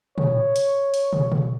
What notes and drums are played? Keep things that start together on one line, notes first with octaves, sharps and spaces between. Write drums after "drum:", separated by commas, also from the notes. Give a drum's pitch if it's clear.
C#5, drum: tom
drum: hi-hat
drum: hi-hat
drum: tom
drum: tom